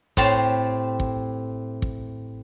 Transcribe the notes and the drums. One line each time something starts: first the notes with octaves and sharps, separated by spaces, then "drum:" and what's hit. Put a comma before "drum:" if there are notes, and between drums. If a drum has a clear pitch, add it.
A2 C4 G4 A5 C6, drum: kick
drum: kick
drum: kick